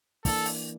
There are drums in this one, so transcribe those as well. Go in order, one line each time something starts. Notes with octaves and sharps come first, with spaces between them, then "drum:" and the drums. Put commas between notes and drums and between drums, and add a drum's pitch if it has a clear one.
E3 A#3 D4 A4, drum: kick, open hi-hat
drum: open hi-hat